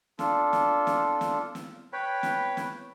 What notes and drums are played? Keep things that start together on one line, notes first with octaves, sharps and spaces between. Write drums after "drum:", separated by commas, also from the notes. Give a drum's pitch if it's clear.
D4 F4 A4, drum: snare
drum: snare
drum: snare
drum: snare
drum: snare
B4 C#5 G5 B5
drum: snare
drum: snare